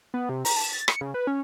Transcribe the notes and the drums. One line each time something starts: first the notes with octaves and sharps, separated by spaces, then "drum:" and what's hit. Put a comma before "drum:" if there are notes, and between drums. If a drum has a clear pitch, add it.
B3
C3
A#5, drum: open hi-hat
A5
A6
C#7, drum: rim click
C#3
B4
C#4